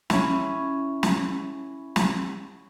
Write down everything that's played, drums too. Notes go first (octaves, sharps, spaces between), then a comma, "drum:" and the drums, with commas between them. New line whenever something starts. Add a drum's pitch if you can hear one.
C#4 E4, drum: snare
drum: snare
drum: snare